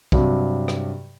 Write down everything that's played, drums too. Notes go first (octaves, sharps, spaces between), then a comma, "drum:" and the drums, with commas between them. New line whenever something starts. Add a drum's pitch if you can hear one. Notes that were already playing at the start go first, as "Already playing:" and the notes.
G2 C3 F#3, drum: kick
drum: rim click